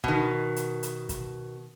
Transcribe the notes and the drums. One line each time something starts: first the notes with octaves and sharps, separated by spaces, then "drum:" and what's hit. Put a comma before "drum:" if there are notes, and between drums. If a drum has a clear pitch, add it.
B2 D#3, drum: kick
drum: hi-hat
drum: hi-hat
drum: kick, hi-hat